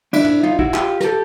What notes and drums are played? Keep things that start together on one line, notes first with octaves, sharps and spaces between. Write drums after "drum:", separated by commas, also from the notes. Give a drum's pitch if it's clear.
D4 E4, drum: cymbal
drum: tom
D#4 F4, drum: tom
E4 F#4, drum: kick
F4 G4, drum: clap
A#4, drum: snare
G4 A4